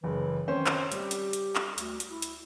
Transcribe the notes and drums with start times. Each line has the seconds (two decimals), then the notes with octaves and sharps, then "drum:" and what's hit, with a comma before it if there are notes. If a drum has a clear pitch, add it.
0.04 F#1 E3
0.48 D#3 C4 C#4 C5
0.66 drum: clap
0.92 G3 G4, drum: hi-hat
1.11 drum: hi-hat
1.33 drum: hi-hat
1.56 drum: clap
1.78 D2, drum: hi-hat
2.00 drum: hi-hat
2.10 E4
2.22 drum: hi-hat